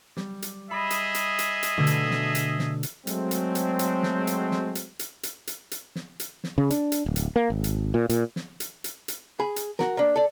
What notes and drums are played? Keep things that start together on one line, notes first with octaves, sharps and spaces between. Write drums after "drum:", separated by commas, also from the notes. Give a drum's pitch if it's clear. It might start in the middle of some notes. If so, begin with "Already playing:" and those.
G3, drum: snare
drum: hi-hat
G#4 D#5 E5 B5
drum: hi-hat
drum: hi-hat
drum: hi-hat
drum: hi-hat
B2 D3 A3
drum: hi-hat
drum: snare
drum: hi-hat
drum: snare
drum: hi-hat
F#3 G#3 A3 C4, drum: hi-hat
drum: hi-hat
drum: hi-hat
drum: hi-hat
drum: snare
drum: hi-hat
drum: snare
drum: hi-hat
drum: hi-hat
drum: hi-hat
drum: hi-hat
drum: hi-hat
drum: snare
drum: hi-hat
drum: snare
C#3
D4, drum: hi-hat
drum: hi-hat
D1
drum: hi-hat
A#3
G#1
drum: hi-hat
A#2
A#2, drum: hi-hat
drum: snare
drum: hi-hat
drum: hi-hat
drum: hi-hat
G#4 B5
drum: hi-hat
F#4 A#4, drum: snare
A#3 D4
A4 D5